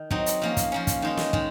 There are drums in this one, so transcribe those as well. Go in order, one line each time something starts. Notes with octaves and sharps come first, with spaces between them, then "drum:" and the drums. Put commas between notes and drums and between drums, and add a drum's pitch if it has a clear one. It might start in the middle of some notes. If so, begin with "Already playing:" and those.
Already playing: D#3
F#3 C4 D#4, drum: kick
drum: hi-hat
F3 A#3 C#4
drum: kick, hi-hat
F3 A#3 C#4
drum: kick, hi-hat
D#3 G#3 D#4
drum: snare
D#3 G#3, drum: kick